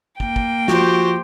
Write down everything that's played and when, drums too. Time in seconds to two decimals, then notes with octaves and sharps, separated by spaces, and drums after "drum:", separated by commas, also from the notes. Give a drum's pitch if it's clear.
0.20 A#3 G5, drum: kick
0.36 drum: kick
0.68 F3 F#4 G4 C5, drum: snare